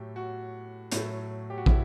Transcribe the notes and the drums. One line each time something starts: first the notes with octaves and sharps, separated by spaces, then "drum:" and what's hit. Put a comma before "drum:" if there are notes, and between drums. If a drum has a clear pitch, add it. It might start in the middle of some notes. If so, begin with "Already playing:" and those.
Already playing: A2 F#3 A3 G4
F#4
A2 F#3 A3, drum: hi-hat
G4
F#4
E4, drum: kick